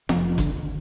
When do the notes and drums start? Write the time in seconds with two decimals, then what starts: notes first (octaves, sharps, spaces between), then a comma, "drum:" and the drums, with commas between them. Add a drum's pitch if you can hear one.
0.09 F1 F3, drum: snare
0.38 D3, drum: kick G1, hi-hat
0.52 D#2 D3